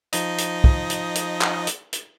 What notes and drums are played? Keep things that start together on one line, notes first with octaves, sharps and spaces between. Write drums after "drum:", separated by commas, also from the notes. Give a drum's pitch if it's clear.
F3 D#4 D#5, drum: hi-hat
drum: hi-hat
drum: kick
drum: hi-hat
drum: hi-hat
drum: clap
drum: hi-hat
drum: hi-hat